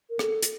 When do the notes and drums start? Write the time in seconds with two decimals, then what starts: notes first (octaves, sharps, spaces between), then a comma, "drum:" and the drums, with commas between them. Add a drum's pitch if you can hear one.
0.10 A#4
0.19 A4, drum: rim click
0.43 drum: hi-hat